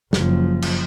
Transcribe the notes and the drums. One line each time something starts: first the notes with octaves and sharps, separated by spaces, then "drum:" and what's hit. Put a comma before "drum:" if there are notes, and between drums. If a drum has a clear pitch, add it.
F#1 F3, drum: snare
drum: cymbal